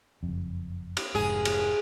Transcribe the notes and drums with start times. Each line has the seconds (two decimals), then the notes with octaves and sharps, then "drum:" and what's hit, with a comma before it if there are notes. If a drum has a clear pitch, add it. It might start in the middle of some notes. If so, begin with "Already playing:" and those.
0.23 F#1 F2
0.97 drum: cymbal
1.15 F1 G#2 G#4
1.45 drum: cymbal